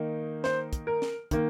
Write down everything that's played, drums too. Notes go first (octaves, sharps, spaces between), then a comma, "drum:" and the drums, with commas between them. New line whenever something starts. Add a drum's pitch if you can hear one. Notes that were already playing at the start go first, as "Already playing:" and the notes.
Already playing: D#3 A#3 D#4
C5, drum: snare
drum: kick, hi-hat
A#4
drum: snare
D#3 A#3, drum: kick, hi-hat